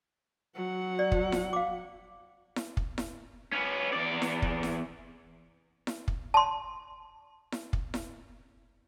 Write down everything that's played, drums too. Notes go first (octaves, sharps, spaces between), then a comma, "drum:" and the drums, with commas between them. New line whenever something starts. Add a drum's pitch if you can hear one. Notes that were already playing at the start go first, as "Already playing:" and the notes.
F#3 F#5
D5
drum: kick
drum: snare E4
F5 D6
drum: snare E4
drum: kick
drum: snare E4
C#4 B4
E2 D5
drum: snare E4
drum: kick
drum: snare E4
drum: snare E4
drum: kick
A5 C6
drum: snare E4
drum: kick
drum: snare E4